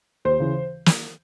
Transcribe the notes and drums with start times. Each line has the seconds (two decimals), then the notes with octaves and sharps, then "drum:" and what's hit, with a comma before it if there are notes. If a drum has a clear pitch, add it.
0.25 D#2 C5
0.40 C#3 E3
0.86 drum: snare